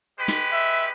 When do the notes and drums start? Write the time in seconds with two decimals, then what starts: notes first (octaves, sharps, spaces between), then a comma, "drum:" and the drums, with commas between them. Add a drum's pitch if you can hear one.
0.19 G#3 G4 B4
0.28 drum: snare
0.53 E5